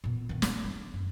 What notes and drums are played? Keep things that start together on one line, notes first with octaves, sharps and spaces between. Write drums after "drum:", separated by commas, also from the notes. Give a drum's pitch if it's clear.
A#2 B3
D#3 B3
E3, drum: snare
B3 D4
F#2